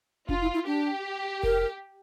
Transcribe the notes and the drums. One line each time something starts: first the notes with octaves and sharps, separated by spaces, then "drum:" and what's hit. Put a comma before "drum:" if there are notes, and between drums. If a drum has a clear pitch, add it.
D4 F4, drum: kick F1
E4
E4
D4 G4
A#4, drum: kick F1